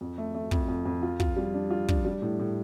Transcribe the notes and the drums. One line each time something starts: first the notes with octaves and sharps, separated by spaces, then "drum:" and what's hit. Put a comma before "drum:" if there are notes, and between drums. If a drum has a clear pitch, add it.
F2
A3
A3
F2, drum: kick
F2
F2
F4
F4, drum: kick
G3
D4
F4
D4, drum: kick
G3
A2
A2